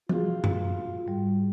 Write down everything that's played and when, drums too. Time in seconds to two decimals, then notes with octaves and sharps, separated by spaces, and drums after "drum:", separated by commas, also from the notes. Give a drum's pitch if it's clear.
0.09 F4 F#4 G#4, drum: tom
0.44 drum: tom F#2
1.06 G#2 G3